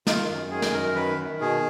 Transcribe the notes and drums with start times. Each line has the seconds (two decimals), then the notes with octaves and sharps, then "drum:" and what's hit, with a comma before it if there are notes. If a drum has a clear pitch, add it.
0.07 D#3 F4, drum: snare
0.29 F#2
0.51 D#3 G#4
0.62 drum: snare
0.73 F#2 A#4
0.96 D#3 B4
1.18 D#3
1.40 B2 G#4